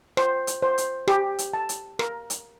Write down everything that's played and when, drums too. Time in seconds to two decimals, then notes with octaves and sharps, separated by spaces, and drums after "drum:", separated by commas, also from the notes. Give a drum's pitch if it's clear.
0.17 C5, drum: rim click
0.47 drum: hi-hat
0.62 C5
0.78 drum: hi-hat
1.08 G4, drum: rim click
1.39 drum: hi-hat
1.54 A5
1.69 drum: hi-hat
1.99 A#4, drum: rim click
2.30 drum: hi-hat